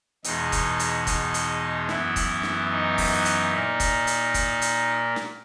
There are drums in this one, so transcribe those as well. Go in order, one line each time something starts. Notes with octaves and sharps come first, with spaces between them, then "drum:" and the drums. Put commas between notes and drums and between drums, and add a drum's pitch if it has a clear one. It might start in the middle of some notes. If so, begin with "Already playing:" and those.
E2 B2 G#3 D#4, drum: hi-hat
drum: kick, hi-hat
drum: hi-hat
D#4, drum: kick, hi-hat
drum: hi-hat
F#2 E3 B3 E4, drum: snare
drum: kick, hi-hat
drum: snare
D#4
drum: kick, open hi-hat
drum: hi-hat
A#2 A#3
drum: kick, hi-hat
drum: hi-hat
drum: kick, hi-hat
drum: hi-hat
drum: snare